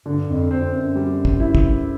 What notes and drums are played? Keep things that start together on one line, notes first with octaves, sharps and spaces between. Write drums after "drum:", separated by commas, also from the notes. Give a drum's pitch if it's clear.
G2 D3
F2
F2 C4
F#2
G3
drum: kick
E4
drum: kick